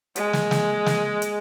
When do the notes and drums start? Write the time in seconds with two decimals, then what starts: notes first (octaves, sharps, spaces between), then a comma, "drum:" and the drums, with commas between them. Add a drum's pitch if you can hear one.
0.16 G#3, drum: hi-hat
0.33 drum: snare
0.51 drum: snare
0.86 drum: snare
1.22 drum: hi-hat